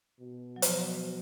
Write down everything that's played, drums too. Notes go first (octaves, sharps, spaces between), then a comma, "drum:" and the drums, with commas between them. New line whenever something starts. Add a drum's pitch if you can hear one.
B2
F#3
F3, drum: hi-hat